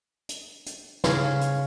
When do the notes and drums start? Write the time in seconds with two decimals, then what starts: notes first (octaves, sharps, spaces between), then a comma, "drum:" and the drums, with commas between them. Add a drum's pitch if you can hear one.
0.29 drum: hi-hat
0.66 drum: hi-hat
1.04 C#3 C#5 F5, drum: snare
1.41 drum: hi-hat